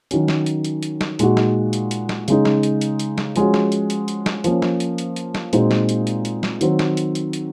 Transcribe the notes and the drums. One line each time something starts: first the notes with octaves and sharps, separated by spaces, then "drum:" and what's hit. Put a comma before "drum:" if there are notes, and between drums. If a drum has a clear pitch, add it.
D#3 F#3 C#4, drum: hi-hat
drum: snare
drum: hi-hat
drum: hi-hat
drum: hi-hat
drum: snare
A#2 G#3 D#4 F#4, drum: hi-hat
drum: snare
drum: hi-hat
drum: hi-hat
drum: snare
C#3 G#3 D#4, drum: hi-hat
drum: snare
drum: hi-hat
drum: hi-hat
drum: hi-hat
drum: snare
F3 G#3 C#4 F#4, drum: hi-hat
drum: snare
drum: hi-hat
drum: hi-hat
drum: hi-hat
drum: snare
F3 A#3 C#4, drum: hi-hat
drum: snare
drum: hi-hat
drum: hi-hat
drum: hi-hat
drum: snare
A#2 G#3 C4 D#4 F#4, drum: hi-hat
drum: snare
drum: hi-hat
drum: hi-hat
drum: hi-hat
drum: snare
D#3 F#3 C4, drum: hi-hat
drum: snare
drum: hi-hat
drum: hi-hat
drum: hi-hat